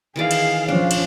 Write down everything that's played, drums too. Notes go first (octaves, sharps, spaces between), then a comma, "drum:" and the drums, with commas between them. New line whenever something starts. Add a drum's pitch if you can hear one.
D#3 E3 G#4 D5 F5
drum: cymbal
F3 C#4 D4
drum: cymbal